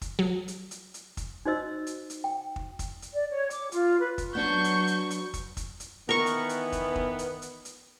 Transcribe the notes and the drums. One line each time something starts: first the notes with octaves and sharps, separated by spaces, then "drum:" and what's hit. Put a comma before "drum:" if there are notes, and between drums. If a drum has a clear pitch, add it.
drum: kick, hi-hat
F#3
drum: hi-hat
drum: hi-hat
drum: hi-hat
drum: kick, hi-hat
D#4 F#4 C5 D#5 E6
drum: hi-hat
drum: hi-hat
G5
drum: kick
drum: kick, hi-hat
drum: hi-hat
D5
C#5
D6, drum: hi-hat
F4, drum: hi-hat
B4
drum: kick, hi-hat
F#3 B3 D4 F#4 C#6 G6
drum: hi-hat
drum: hi-hat
drum: hi-hat
drum: kick, hi-hat
drum: kick, hi-hat
drum: hi-hat
D#3 E3 B3 A#4 C#6
drum: hi-hat
drum: hi-hat
drum: kick, hi-hat
drum: kick
drum: hi-hat
drum: hi-hat
drum: hi-hat